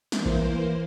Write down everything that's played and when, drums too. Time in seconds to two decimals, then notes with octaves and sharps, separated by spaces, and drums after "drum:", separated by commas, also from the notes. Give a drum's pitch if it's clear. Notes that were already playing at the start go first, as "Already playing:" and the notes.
0.12 E3 A#3 C5, drum: snare
0.25 drum: kick A#1